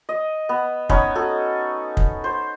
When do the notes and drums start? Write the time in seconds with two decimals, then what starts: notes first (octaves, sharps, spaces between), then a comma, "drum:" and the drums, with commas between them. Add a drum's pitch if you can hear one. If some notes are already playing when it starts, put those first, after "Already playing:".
0.09 D#5
0.49 B3
0.89 B3 C#4 D#4 C#5, drum: kick
1.15 F#4 A4
1.97 drum: kick
2.24 C5